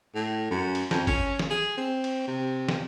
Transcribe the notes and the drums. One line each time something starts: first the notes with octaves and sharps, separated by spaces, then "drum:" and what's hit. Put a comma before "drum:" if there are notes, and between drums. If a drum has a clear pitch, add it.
A2
F#2
drum: cymbal
F2, drum: snare
C#4, drum: kick G#1, cymbal
drum: snare
G#4
C4
drum: cymbal
C3
drum: snare